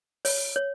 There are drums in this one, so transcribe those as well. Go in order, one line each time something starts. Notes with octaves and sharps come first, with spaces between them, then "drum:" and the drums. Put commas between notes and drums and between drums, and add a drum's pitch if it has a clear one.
C#5, drum: open hi-hat
C#5